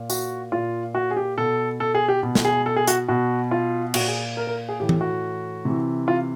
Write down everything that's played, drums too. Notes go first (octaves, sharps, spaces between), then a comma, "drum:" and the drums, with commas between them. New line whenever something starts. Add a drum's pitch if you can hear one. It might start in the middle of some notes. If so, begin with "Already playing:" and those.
Already playing: A#2
F#4, drum: tambourine
A#2 F4
F#4
G#4
G4
B2 A4
A4
G#4
G4
B2
drum: snare
G#4
A4
G#4
F#4, drum: hi-hat
B2 F#4
F4
A#2 F#4, drum: cymbal
G#4
A#4
A#4
G#4
A2 E3 G4
drum: tom E3
F#4
C3 E3
F4